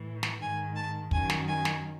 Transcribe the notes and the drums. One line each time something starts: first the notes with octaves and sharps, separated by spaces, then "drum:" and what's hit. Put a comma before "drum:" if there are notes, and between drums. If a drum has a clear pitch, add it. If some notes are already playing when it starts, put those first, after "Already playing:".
Already playing: A2 E3
drum: snare
G#2 D#3 G#5
A5
F#2 D#3 G#5, drum: kick
drum: snare
G#5
drum: snare